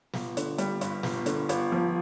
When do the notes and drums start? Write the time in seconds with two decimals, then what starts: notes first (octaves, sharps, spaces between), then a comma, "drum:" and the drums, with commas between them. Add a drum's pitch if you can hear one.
0.14 G1, drum: snare
0.37 D3, drum: hi-hat
0.58 G3, drum: hi-hat
0.81 G2, drum: hi-hat
1.03 G1, drum: snare
1.26 D3, drum: hi-hat
1.49 G1, drum: hi-hat
1.72 F3